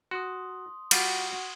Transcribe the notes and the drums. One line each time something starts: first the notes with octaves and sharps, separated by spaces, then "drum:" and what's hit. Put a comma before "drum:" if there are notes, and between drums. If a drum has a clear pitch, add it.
F#4 C6 D#6
G3 F4 F#4, drum: cymbal